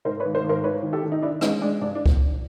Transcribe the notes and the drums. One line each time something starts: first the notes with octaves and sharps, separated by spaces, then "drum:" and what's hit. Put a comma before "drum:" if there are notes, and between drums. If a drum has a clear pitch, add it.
G#2 A#4 C5
B4 C#5
G#1
A#4 C5
G#1
A#4 C5
D#3 B4 C#5
D#3
G4 A4
D#3
D#4
D#3 D4 E4
G#3 C#4 D#4, drum: rim click
G#3 D4
G2 D4
D4
drum: kick C#2